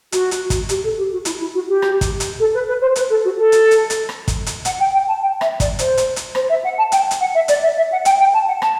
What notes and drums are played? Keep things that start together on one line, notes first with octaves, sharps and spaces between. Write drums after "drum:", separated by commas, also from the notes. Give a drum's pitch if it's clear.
F#4, drum: hi-hat
drum: hi-hat
drum: kick, hi-hat
G4, drum: hi-hat
A4
G4
F#4
E4, drum: hi-hat
E4
F#4
G4
drum: rim click
drum: kick, hi-hat
drum: hi-hat
A4
B4
B4
C5
B4, drum: hi-hat
A4
F#4
A4
drum: hi-hat
drum: hi-hat
drum: hi-hat
drum: rim click
drum: kick, hi-hat
drum: hi-hat
F#5, drum: hi-hat
G5
G5
A5
G5
E5, drum: rim click
D5, drum: kick, hi-hat
C5, drum: hi-hat
drum: hi-hat
drum: hi-hat
C5, drum: rim click
E5
F#5
A5
G5, drum: hi-hat
drum: hi-hat
F#5
E5
D5, drum: hi-hat
E5
E5
F#5
G5, drum: hi-hat
G5
A5
F#5
A5, drum: rim click